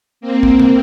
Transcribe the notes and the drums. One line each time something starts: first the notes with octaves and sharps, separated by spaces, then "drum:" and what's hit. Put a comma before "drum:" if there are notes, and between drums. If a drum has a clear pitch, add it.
A#3 C4
drum: kick
drum: tom